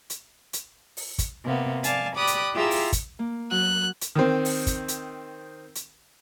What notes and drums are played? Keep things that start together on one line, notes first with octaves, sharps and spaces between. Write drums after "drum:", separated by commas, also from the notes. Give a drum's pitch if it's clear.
drum: hi-hat
drum: hi-hat
drum: open hi-hat
drum: kick, hi-hat
C3 A#3 B3
D5 F5 G#5 A5, drum: hi-hat
G4 D5 B5 D6 D#6 F#6
drum: hi-hat
E4 F4 G4 G#4 A#5 E6
drum: open hi-hat
drum: kick, hi-hat
A#3
F#3 F#6
drum: hi-hat
D#3 C4
drum: open hi-hat
drum: kick, hi-hat
drum: hi-hat
drum: hi-hat